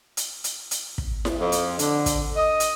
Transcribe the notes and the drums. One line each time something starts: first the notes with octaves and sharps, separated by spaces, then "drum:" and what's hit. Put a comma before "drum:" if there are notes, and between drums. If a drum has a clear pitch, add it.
drum: hi-hat
drum: hi-hat
drum: hi-hat
drum: kick
drum: snare E4
F2
drum: hi-hat
D3, drum: hi-hat
drum: kick, hi-hat
D#5
drum: hi-hat